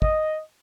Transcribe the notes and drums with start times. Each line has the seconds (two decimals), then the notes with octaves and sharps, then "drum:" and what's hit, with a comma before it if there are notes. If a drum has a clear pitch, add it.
0.02 D#5, drum: kick